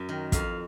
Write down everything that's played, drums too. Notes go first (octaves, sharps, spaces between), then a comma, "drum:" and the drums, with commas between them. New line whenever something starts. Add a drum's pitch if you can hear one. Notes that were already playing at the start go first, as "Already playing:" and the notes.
Already playing: F#2
D#3
F2 F5, drum: kick, hi-hat